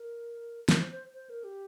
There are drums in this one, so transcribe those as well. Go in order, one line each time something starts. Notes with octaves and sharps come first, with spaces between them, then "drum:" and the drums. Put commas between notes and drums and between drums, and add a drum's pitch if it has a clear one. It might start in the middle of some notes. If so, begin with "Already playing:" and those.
Already playing: A#4
A#4, drum: snare
C5
C5
C5
A#4
G4